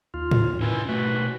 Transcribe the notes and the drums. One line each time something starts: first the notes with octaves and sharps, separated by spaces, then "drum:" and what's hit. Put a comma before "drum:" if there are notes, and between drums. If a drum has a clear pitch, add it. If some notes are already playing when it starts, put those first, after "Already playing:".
D#2 F4
drum: tom G#2
A#2 C#4 E4 B4 G#5
B2 A3 F#4 B4